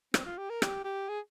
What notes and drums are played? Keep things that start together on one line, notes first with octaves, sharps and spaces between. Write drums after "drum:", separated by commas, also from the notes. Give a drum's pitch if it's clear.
C4, drum: rim click
F4
G4
A#4
G4, drum: rim click
G4
G#4